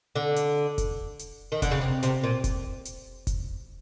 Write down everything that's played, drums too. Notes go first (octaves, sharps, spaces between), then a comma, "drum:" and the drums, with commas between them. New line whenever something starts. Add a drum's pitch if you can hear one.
D3
drum: hi-hat
drum: kick F1, hi-hat
drum: hi-hat
D#3
D3, drum: kick F1, hi-hat
C#3
C3
C3, drum: hi-hat
A#2
drum: kick F1, hi-hat
drum: hi-hat
drum: kick F1, hi-hat